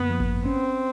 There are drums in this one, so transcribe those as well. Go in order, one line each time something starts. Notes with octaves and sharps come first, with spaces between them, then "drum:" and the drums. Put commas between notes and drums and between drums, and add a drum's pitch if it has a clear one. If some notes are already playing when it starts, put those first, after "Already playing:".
Already playing: F#2 D3 A#3 B3
F3
drum: kick G#1
C4 C#4